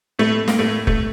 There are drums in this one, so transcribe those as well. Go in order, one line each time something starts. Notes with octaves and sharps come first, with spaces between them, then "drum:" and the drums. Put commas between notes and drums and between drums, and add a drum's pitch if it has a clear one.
A2 A3
A#3, drum: snare
A2 A3
A3, drum: kick